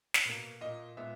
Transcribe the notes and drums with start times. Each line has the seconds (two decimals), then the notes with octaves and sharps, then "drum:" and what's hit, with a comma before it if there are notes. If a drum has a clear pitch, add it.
0.14 drum: snare
0.25 B2 A#3
0.61 A#2 A#3 D#5
0.97 A#2 G#3 B3 E5